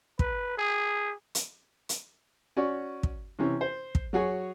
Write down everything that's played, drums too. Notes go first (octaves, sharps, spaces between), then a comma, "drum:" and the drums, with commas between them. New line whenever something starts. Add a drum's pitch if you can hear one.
B4, drum: kick
G#4
drum: hi-hat
drum: hi-hat
C#4 F#4 D5
drum: kick
C3 E3 C#4
C5
drum: kick
F#3 F#4 G#4 C#5